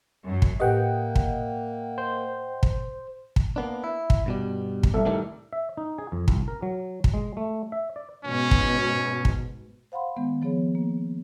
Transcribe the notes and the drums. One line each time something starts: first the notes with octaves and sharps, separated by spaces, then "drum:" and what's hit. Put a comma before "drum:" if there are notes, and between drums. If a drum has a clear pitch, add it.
F#2
drum: kick
A2 A#3 G4 B4 D#5 F#5 G5
drum: kick
C5
drum: kick
drum: kick
A#3 B3 D4
E4
drum: kick
G2 B2 G3
drum: kick
C2 A4 E5
A2 D#3 G3
E5
D#4
G#4
F2
C2, drum: kick
A#4
F#3
drum: kick
G#3
A3
E5
D5
G#2 B2 C#4
drum: kick
drum: kick
C5 F5 F#5 B5 C6
D#3 G#3 B3
F3 B3 G#4 C#5
A#3